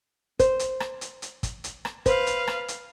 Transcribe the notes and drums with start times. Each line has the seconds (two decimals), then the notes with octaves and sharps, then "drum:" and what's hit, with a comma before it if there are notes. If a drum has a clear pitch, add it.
0.39 C5, drum: kick, hi-hat
0.59 drum: hi-hat
0.80 drum: rim click
1.01 drum: hi-hat
1.22 drum: hi-hat
1.43 drum: kick, hi-hat
1.64 drum: hi-hat
1.85 drum: rim click
2.06 B4 C5 F5, drum: kick, hi-hat
2.27 drum: hi-hat
2.47 drum: rim click
2.68 drum: hi-hat